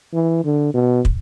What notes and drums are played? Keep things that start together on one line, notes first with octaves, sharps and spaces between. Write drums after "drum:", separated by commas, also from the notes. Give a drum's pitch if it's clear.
E3
D3
B2
drum: kick